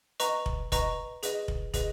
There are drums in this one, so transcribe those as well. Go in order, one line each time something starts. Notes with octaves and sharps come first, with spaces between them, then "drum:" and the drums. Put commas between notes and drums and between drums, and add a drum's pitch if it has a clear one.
B4 D#5 A#5 C#6, drum: hi-hat
drum: kick
B4 D#5 A#5 C#6, drum: kick, hi-hat
G#4 B4 D#5, drum: hi-hat
drum: kick
G#4 B4 D#5, drum: kick, hi-hat